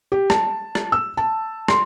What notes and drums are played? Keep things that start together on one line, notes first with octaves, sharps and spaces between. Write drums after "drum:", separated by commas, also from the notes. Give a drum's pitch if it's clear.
G4
A5, drum: rim click
drum: rim click
E6
A5
C6, drum: rim click